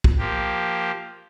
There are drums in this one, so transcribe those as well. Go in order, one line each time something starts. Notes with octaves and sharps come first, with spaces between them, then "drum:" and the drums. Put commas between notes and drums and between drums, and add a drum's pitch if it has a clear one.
drum: kick
F3 A#3 G4